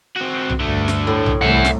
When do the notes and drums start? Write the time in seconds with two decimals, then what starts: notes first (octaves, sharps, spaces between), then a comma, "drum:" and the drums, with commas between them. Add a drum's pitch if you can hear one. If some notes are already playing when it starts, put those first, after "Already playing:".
0.16 C4 F#4
0.50 drum: tom B1
0.60 D2 G2 D3 A3
0.88 drum: snare
1.07 A2
1.26 drum: tom B1
1.41 C2 A3 E5 F#5
1.65 drum: snare